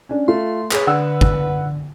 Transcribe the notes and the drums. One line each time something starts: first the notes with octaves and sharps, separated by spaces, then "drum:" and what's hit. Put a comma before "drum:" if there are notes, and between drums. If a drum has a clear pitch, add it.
C#4 D4
A3 F4 C6
G#4 B4 C#5, drum: clap
D3 B4 F#5 E6
drum: kick